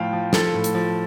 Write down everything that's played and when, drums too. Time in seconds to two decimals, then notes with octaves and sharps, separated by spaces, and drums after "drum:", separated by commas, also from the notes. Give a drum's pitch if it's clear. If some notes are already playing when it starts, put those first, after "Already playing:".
Already playing: A2 F3 F5 G5
0.13 F3
0.33 F3 A4, drum: snare
0.54 A2
0.64 drum: hi-hat
0.74 F3